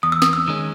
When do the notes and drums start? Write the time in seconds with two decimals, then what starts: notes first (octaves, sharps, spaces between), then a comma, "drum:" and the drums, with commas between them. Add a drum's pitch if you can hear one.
0.03 E2 D#6
0.12 E6
0.22 D#6, drum: snare
0.33 E6
0.48 D#3 G#3 C#4